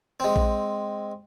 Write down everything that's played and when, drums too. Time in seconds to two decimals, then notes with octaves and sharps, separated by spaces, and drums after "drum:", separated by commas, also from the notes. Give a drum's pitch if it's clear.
0.20 G#3 C4
0.36 drum: kick A#1